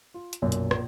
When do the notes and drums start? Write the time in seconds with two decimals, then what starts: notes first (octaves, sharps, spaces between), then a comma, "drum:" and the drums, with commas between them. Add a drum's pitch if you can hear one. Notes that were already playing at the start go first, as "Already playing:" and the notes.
0.14 F4
0.33 drum: hi-hat
0.42 B1 F#2 A#2
0.52 drum: hi-hat
0.71 A#1, drum: rim click